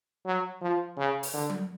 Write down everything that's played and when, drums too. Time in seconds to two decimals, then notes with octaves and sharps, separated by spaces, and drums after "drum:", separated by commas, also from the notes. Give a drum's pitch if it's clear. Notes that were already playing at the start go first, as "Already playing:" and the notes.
0.26 F#3
0.61 F3
0.98 C#3
1.23 drum: open hi-hat
1.34 D3
1.50 drum: tom F#3